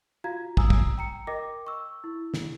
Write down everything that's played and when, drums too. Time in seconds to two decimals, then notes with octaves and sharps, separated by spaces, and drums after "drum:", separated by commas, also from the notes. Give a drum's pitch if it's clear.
0.24 F4 F#4 F5 A#5 G#6
0.57 G#5 A#5 D#6 E6, drum: kick
0.70 drum: kick
0.98 G5 A#5 C#7
1.27 A#4 D#5 G5 D6 A#6
1.67 C#6 E6
2.04 E4
2.34 drum: snare